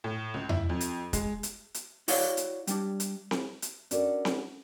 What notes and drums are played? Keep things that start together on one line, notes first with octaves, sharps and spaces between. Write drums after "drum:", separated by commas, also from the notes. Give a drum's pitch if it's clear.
A2
C#2
E4, drum: tom E2
F2
drum: hi-hat
G#3, drum: kick, hi-hat
drum: hi-hat
drum: hi-hat
E4 F#4 C#5 D5 F5 F#5, drum: open hi-hat
drum: hi-hat
G3 D4, drum: hi-hat
drum: hi-hat
drum: snare C4
drum: hi-hat
C#4 D4 F#4 A4 A#4 D5, drum: hi-hat
drum: snare C4